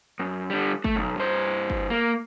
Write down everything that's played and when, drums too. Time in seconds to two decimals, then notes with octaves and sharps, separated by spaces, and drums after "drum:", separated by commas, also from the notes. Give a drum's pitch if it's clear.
0.20 F#2
0.50 D3 G3
0.84 A3, drum: kick G1
0.96 B1
1.18 G2 C5
1.70 drum: kick G1
1.90 A#3